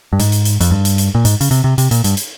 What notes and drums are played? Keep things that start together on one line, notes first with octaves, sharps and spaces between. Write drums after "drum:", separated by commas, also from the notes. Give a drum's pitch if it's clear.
G2
G#2, drum: hi-hat
drum: hi-hat
drum: hi-hat
F2, drum: hi-hat
G2
drum: hi-hat
drum: hi-hat
A#2
G#2, drum: hi-hat
C#3, drum: hi-hat
C3, drum: hi-hat
C3
C3, drum: hi-hat
A#2, drum: hi-hat
G2, drum: hi-hat
drum: hi-hat